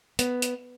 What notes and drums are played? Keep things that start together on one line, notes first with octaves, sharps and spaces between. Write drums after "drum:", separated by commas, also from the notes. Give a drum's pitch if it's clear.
B3, drum: hi-hat
drum: hi-hat